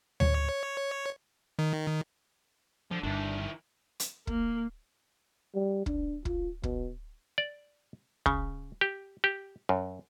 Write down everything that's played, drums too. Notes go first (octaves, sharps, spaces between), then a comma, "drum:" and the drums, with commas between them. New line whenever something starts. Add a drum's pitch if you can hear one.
C#5, drum: tom D2
D#3
D3 F3
G1 G2 D#3 D4 E4
drum: hi-hat
A#3, drum: kick
G3
D4, drum: kick
F4, drum: kick
B2, drum: kick
D5
C#3, drum: kick
G4
G4
F#2